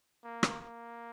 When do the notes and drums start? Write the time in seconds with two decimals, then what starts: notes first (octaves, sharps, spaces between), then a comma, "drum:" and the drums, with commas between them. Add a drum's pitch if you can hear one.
0.24 A#3
0.43 drum: rim click
0.61 A#3